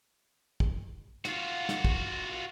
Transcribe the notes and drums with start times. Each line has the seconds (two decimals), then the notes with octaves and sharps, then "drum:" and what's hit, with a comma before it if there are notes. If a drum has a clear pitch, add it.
0.60 drum: kick
1.25 F4 F#4, drum: snare
1.69 drum: snare
1.85 drum: kick